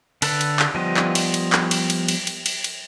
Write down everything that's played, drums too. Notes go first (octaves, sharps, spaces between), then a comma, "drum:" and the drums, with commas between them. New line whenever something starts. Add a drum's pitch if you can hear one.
D3 A4 B4, drum: cymbal
drum: cymbal
drum: clap
F3 G3 B3 D#5
drum: clap
drum: cymbal
drum: cymbal
drum: clap
drum: cymbal
drum: cymbal
drum: cymbal
drum: cymbal
drum: cymbal
drum: cymbal